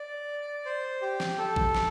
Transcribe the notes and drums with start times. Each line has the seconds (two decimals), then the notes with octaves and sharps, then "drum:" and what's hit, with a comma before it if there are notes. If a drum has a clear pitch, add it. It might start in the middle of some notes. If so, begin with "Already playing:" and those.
Already playing: D5
0.66 C5
1.02 G4
1.20 drum: snare
1.38 A4
1.56 drum: kick A1
1.75 drum: snare